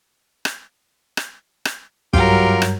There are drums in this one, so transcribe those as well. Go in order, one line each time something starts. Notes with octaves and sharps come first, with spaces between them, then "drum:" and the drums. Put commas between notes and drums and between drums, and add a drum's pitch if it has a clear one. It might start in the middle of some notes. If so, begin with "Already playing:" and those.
drum: rim click
drum: rim click
drum: rim click
G2 F#3 G3 F4 G4 A#4, drum: kick
drum: rim click